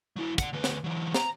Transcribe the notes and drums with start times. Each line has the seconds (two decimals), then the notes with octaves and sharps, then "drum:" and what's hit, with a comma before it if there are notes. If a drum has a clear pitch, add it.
0.16 F#3 E4
0.38 D5 F#5, drum: kick, hi-hat
0.53 D2 B4
0.64 drum: snare
0.84 E3 F#3
1.14 A#5, drum: snare